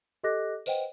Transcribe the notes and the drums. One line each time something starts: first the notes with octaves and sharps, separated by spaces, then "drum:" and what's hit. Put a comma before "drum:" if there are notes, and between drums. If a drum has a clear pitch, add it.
G4 A4 D#5 D6 F#6 A#6
B4 C5 D#5 F#5 G5, drum: tambourine